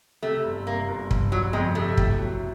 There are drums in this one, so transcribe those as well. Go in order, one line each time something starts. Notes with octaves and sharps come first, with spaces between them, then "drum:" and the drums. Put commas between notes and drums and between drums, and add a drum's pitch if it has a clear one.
C3 A3
G1
C3 A#3
G1
G1, drum: kick
G1 F#3
F2 G#3
C3 A3
A2, drum: kick
F#3